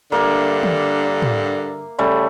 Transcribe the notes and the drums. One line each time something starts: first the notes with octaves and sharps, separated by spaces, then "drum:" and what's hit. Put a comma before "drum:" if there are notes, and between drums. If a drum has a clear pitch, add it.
G2 D3 A#3 E5
drum: tom
drum: tom
C#3 G3 A3